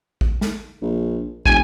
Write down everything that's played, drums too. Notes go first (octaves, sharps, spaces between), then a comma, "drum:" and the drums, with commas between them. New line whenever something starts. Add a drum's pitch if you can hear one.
drum: kick
drum: snare
A#1
F1 G#5, drum: kick